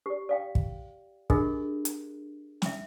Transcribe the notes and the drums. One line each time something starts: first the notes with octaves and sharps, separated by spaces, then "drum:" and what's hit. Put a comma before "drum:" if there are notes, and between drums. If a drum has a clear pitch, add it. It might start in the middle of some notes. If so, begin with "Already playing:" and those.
G4 D5
D5 F5 G5
drum: kick
D4 F4 G4 G#4 A#4 D#5, drum: kick
drum: hi-hat
E5 G5, drum: snare